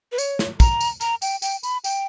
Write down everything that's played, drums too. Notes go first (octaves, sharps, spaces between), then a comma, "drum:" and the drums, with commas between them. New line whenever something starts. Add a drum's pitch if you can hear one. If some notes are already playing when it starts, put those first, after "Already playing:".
B4
C#5, drum: tambourine
drum: snare
A#5, drum: kick, tambourine
drum: tambourine
A#5, drum: tambourine
G5, drum: tambourine
G5, drum: tambourine
B5, drum: tambourine
G5, drum: tambourine